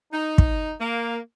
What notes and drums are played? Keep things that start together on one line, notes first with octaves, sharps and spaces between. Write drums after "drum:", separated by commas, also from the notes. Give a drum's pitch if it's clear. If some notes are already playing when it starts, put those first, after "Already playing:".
D#4
drum: kick
A#3